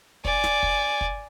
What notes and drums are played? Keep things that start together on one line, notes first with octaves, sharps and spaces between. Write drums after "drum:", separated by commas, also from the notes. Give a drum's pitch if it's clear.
D5 G#5, drum: kick
drum: snare
drum: kick
drum: kick